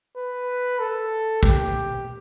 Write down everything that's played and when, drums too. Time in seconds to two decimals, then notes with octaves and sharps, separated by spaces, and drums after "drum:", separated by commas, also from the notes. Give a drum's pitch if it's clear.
0.16 B4
0.80 A4
1.43 G4, drum: kick